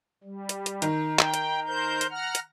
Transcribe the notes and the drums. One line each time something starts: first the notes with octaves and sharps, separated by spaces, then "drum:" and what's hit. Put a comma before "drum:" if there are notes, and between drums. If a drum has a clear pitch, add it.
G3
drum: hi-hat
drum: hi-hat
D#3 A#5, drum: hi-hat
G5, drum: clap
drum: hi-hat
A#4 C5 G6
drum: hi-hat
F#5 A#5 F6
drum: hi-hat